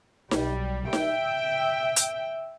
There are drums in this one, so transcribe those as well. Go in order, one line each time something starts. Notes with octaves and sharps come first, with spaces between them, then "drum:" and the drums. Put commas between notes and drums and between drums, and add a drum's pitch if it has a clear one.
B1 G3, drum: snare D#4
E5 G5, drum: snare D#4
drum: hi-hat